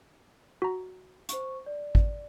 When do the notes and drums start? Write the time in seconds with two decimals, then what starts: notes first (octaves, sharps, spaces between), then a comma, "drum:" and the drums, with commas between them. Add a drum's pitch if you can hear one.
0.62 F#4 A#5
1.29 C5 C#6, drum: hi-hat
1.66 D5
1.95 drum: kick G#1